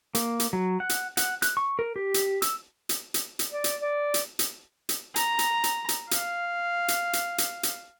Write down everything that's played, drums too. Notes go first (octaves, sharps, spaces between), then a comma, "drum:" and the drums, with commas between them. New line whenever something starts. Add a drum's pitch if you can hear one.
A#3, drum: hi-hat
drum: hi-hat
F#3
F#5
drum: hi-hat
F#5, drum: hi-hat
F#6, drum: hi-hat
C#6
A#4
G4
drum: hi-hat
E6, drum: hi-hat
drum: hi-hat
drum: hi-hat
drum: hi-hat
D5
drum: hi-hat
D5
drum: hi-hat
drum: hi-hat
drum: hi-hat
A#5, drum: hi-hat
drum: hi-hat
drum: hi-hat
drum: hi-hat
F5, drum: hi-hat
drum: hi-hat
drum: hi-hat
drum: hi-hat
drum: hi-hat